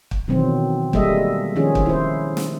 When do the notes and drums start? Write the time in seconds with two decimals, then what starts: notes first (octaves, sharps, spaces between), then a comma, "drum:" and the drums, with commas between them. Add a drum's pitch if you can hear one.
0.11 drum: kick
0.28 B2 D#3 E3 F#3 C4
0.93 G3 G#3 A#3 A4 D#5 E5, drum: kick
1.55 D#3 F3 C#4 F4 G#4
1.75 drum: kick
1.86 E4 C5
2.37 drum: snare